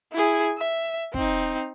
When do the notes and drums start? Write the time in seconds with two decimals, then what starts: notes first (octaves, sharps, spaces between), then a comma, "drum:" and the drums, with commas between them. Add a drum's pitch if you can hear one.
0.13 E4 G#4
0.58 E5
1.14 C4 D#4, drum: kick